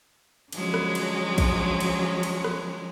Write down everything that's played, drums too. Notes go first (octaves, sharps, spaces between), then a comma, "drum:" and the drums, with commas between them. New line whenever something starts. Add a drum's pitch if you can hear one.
D3 F3 F#3 G#3 C#4, drum: cymbal
drum: rim click
drum: cymbal
drum: kick A1, cymbal
drum: cymbal
drum: cymbal
drum: rim click